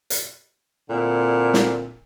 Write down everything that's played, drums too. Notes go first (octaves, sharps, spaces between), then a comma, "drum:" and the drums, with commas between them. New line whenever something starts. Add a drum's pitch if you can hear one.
drum: hi-hat
A#2 D3 C4 E4
drum: snare